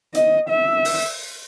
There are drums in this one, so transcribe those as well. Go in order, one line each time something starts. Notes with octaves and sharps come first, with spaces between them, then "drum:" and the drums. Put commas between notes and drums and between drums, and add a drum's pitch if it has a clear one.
D#5, drum: hi-hat
E5
drum: open hi-hat